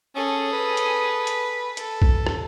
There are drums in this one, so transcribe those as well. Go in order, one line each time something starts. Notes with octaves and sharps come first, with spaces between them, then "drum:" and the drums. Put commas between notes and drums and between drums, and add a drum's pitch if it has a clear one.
C#4 G#4 A4
B4
drum: hi-hat
drum: hi-hat
A4, drum: hi-hat
drum: kick B1
drum: rim click